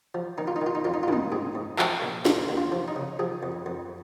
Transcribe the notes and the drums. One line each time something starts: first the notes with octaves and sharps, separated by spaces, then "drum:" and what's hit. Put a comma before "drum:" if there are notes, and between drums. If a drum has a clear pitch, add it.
F3
D#3 D#4
F4
D#4
D#3
F4
D#4
F2 F4
D#4
F4
D#3 D#4, drum: tom
G#2 G#4
G#2
F3, drum: clap
A#1
D#2 F4, drum: snare
D#2
F4
F3
D#4
C#3
F3 G#4
F2
F2